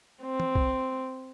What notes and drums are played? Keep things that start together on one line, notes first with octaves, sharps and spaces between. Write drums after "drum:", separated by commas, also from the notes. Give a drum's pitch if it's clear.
C4
drum: tom
drum: kick C2